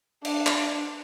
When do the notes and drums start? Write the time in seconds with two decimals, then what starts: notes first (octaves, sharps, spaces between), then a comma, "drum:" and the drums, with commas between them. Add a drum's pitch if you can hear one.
0.25 D4, drum: cymbal
0.46 drum: clap